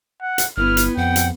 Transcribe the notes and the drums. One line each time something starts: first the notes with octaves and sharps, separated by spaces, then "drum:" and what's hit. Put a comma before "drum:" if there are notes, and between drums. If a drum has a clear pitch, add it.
F#5
drum: hi-hat
G1 B3 E4 F6
drum: hi-hat
F2 F#5 G5
drum: hi-hat